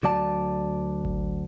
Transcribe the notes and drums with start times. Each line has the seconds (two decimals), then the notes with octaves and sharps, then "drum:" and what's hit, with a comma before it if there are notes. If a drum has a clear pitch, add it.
0.03 D2 F#3 D5 A5
1.05 drum: kick G#1